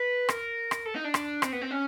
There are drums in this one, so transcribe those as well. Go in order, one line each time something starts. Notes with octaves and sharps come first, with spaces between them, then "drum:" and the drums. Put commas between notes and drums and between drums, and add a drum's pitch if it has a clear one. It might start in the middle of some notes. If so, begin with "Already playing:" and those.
Already playing: B4
A#4, drum: rim click
drum: rim click
A4
D#4
D4
drum: rim click
C4, drum: rim click
B3
C4
C#4